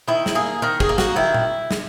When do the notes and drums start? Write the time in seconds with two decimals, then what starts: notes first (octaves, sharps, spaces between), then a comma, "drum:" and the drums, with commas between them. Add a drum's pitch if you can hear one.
0.08 D#3 E4
0.26 drum: snare
0.35 A#3 G#4
0.62 D#3 A#4
0.80 G#4, drum: kick
0.89 A#3
0.98 F#4, drum: snare
1.16 D#3 E4
1.34 drum: tom A#2
1.71 drum: snare